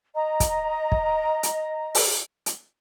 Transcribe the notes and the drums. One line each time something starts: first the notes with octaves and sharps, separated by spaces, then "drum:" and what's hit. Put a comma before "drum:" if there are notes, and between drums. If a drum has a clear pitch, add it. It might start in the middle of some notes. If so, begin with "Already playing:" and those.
D#5 A#5
drum: kick, hi-hat
drum: kick
drum: hi-hat
drum: open hi-hat
drum: hi-hat